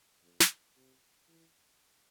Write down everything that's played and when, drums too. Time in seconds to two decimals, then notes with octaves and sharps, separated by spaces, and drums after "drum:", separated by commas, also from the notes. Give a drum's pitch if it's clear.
0.23 F2
0.40 drum: snare
0.76 C3
1.28 E3